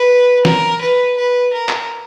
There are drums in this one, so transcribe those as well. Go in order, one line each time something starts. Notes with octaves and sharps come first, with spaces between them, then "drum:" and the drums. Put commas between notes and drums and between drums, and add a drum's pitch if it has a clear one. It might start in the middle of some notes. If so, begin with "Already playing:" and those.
Already playing: B4
A#4, drum: snare
B4
B4
A#4
drum: clap